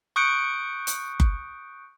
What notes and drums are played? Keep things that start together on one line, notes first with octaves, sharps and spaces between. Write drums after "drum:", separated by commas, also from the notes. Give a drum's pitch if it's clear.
C#6 D#6 F#6 G6 C#7 D7
drum: hi-hat
drum: kick F#1